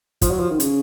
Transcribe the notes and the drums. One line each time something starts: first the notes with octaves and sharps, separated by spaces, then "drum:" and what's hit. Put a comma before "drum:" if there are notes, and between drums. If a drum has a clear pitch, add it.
F3, drum: kick, hi-hat
F#3
F3
D#3
C#3, drum: hi-hat